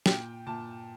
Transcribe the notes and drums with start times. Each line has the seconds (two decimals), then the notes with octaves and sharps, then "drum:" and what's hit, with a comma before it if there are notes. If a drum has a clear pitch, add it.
0.06 A#2 G5, drum: snare
0.47 A#2 A5